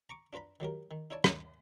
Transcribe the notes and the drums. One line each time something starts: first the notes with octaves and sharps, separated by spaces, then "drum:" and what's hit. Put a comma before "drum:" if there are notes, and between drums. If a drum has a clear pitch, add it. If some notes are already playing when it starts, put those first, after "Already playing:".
A#5 C#6 D6
D4 F4 B4 A#5 B5
D#3 F#3 G4 A#4
D#3
D#4 E4 C#5 D5 A5
D#3 A#3 C#4 F4, drum: rim click